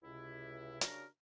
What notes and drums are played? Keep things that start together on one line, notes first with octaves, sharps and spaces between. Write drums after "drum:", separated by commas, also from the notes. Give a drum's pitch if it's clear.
C#2 C3 E4
C#3 D4 F#4 G4 A#4, drum: hi-hat